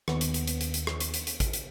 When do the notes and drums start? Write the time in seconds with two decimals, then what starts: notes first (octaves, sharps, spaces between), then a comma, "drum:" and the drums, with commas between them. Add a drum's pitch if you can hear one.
0.08 D#2 B3, drum: rim click
0.21 drum: hi-hat
0.34 drum: hi-hat
0.47 drum: hi-hat
0.61 drum: hi-hat
0.74 drum: hi-hat
0.87 drum: rim click
1.00 drum: hi-hat
1.14 drum: hi-hat
1.27 drum: hi-hat
1.40 drum: kick, hi-hat
1.53 drum: hi-hat